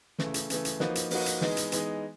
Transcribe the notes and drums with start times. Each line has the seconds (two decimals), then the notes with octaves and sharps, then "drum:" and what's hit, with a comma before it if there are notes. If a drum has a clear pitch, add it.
0.19 C#3 E3 A3, drum: snare
0.34 drum: hi-hat
0.50 C#3 E3 A3, drum: hi-hat
0.65 drum: hi-hat
0.80 F3 A#3 D#4 F#4 B4, drum: snare
0.95 drum: hi-hat
1.11 F3 A#3 D#4 F#4 B4, drum: open hi-hat
1.26 drum: hi-hat
1.41 E3 G#3 B3 D#4, drum: snare
1.57 drum: hi-hat
1.72 E3 G#3 B3 D#4, drum: hi-hat